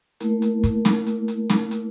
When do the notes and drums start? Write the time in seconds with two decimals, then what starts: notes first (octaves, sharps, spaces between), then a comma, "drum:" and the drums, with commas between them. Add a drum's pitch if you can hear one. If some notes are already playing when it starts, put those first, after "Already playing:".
0.20 A3 A#3 E4 A#4, drum: hi-hat
0.42 drum: hi-hat
0.63 drum: kick, hi-hat
0.85 drum: snare
1.07 drum: hi-hat
1.28 drum: hi-hat
1.50 drum: snare
1.71 drum: hi-hat